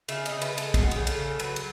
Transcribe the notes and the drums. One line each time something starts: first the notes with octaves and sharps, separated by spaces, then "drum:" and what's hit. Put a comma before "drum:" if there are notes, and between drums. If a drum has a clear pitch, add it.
C#3 E5, drum: cymbal
D#5, drum: cymbal
C#3
B4, drum: cymbal
G#3
A4, drum: cymbal
G#3 G#4, drum: kick, cymbal
F#4
C#3 G#4, drum: cymbal
A4, drum: cymbal
C#3
F#3 B4, drum: cymbal
drum: cymbal